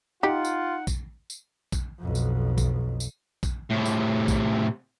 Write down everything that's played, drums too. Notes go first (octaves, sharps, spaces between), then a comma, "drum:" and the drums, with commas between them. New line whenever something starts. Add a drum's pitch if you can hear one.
D#4 F4 G4 F#5
drum: tambourine
drum: kick A#1, tambourine
drum: tambourine
drum: kick A#1, tambourine
B1 F2
drum: tambourine
drum: kick A#1, tambourine
drum: tambourine
drum: kick A#1, tambourine
A2 C3
drum: tambourine
drum: kick A#1, tambourine